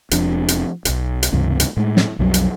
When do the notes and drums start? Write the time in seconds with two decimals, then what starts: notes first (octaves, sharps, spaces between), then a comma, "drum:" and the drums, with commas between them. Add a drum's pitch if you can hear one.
0.11 F1 F2 F3 D4, drum: hi-hat
0.48 drum: hi-hat
0.85 D1 B1, drum: hi-hat
1.23 drum: hi-hat
1.32 C#2 G2 C3 E3
1.60 drum: hi-hat
1.77 A2 G#3
1.97 drum: snare
2.19 B1 F2 F#3 G3
2.34 drum: hi-hat